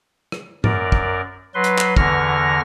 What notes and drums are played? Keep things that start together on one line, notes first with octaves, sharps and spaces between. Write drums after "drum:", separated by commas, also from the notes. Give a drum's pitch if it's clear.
drum: rim click
F#2 A#4 D5, drum: tom G#2
drum: kick
F#3 B4 C6
drum: hi-hat
drum: clap
E2 D3 E3 C#6 F6 A#6, drum: kick